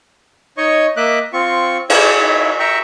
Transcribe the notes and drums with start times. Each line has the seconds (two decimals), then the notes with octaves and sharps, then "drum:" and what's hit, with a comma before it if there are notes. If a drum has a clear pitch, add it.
0.57 D#4 C#5 D#5 C#6
0.97 A#3 D#5 E5 D6 F#6
1.33 C4 F4 C#6
1.90 E4 G4 C#5, drum: cymbal
2.19 D#4 E4 C#5 E5
2.59 E5 G5 A#5 C#6